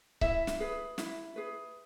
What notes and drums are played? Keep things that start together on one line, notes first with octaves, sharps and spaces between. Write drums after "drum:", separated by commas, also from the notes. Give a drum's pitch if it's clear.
E4 E5, drum: kick C#1
drum: snare
G#4 B4
E4, drum: snare
G#4 B4